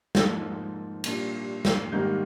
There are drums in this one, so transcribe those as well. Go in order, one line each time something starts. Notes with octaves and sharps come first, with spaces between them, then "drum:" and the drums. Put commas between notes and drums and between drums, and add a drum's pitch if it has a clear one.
G#2 F3 A#3 D#4 A6, drum: snare
A#2 G3 A#3 D4 F4, drum: cymbal
drum: snare
G#2 D#3 G3 A#3 D#4 G6